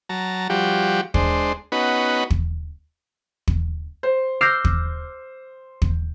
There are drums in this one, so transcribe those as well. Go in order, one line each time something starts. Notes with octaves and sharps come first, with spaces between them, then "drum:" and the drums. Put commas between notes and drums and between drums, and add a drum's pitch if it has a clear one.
F#3 A5 A#5
F3 G3 F#4 G4
G#3 D4 C5, drum: kick
B3 C#4 D#4 F#4 B4
drum: kick
drum: kick
C5
D6 E6 F6 G6 A#6 C7
drum: kick
drum: kick